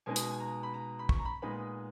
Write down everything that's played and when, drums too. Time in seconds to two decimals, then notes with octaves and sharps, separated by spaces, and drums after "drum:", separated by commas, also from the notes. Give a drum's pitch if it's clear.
0.06 B2 G#3 B3 D#4 G#5
0.16 drum: hi-hat
0.30 G#5
0.40 A#5
0.63 B5
0.74 A#5
0.99 B5
1.09 C#6, drum: kick
1.19 A#5
1.25 B5
1.42 A#2 G#3 B3 D#4 B5